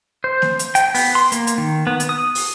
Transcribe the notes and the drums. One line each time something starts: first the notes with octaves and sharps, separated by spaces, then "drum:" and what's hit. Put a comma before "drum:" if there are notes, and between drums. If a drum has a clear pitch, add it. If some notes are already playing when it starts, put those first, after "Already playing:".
C5
drum: snare A#3
drum: hi-hat
G5, drum: hi-hat
B3, drum: open hi-hat
C6
A#3, drum: hi-hat
drum: hi-hat
D#3
B3
drum: hi-hat
D#6
drum: open hi-hat